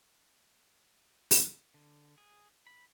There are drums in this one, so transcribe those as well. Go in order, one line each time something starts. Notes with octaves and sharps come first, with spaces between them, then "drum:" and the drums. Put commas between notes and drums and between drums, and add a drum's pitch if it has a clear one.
drum: open hi-hat
D3
G#4
B5